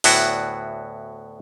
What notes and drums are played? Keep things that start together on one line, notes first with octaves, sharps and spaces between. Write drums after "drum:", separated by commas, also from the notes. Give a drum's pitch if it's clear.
D2 A2 B3 E4 F#4 D5, drum: open hi-hat